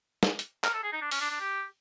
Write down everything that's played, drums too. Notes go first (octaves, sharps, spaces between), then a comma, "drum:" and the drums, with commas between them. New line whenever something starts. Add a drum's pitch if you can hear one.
drum: snare
drum: hi-hat
A#4, drum: clap
A4
G#4
D#4
D4
C#4, drum: open hi-hat
D4
D4
G4